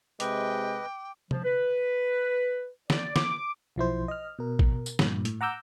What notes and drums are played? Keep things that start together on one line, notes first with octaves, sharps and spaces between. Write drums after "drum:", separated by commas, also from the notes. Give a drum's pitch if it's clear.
C3 G#3 B4 D#5 G5 D6, drum: hi-hat
F3, drum: tom
B4
D5, drum: snare
D6, drum: snare
B1 F3 E4 C5
D#5 F6
B2 A#4
drum: kick A1
drum: tambourine
G2 A#2, drum: snare
A2, drum: hi-hat
F#5 A#5 D6 E6 G6